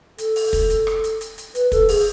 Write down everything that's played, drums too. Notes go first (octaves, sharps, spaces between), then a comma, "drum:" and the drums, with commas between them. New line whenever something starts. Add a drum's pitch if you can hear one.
A4, drum: hi-hat
drum: open hi-hat
drum: kick, hi-hat
drum: hi-hat
drum: rim click
drum: hi-hat
drum: hi-hat
drum: hi-hat
B4, drum: hi-hat
A4, drum: kick, hi-hat
G#4, drum: open hi-hat